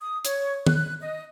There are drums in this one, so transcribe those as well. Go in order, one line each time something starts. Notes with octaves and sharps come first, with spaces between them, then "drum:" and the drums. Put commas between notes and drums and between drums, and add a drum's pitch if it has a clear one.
D#6
C#5, drum: hi-hat
F#6, drum: tom
D#5